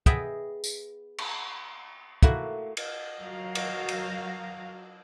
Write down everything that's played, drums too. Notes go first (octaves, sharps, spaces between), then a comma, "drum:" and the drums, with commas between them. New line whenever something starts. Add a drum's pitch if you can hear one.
B3 G#4 D#5 E5 G5, drum: kick
drum: tambourine
drum: cymbal
A3 A#3 E4 F#4, drum: kick
drum: cymbal
F#3 F#4 A#4 F5
drum: cymbal
drum: cymbal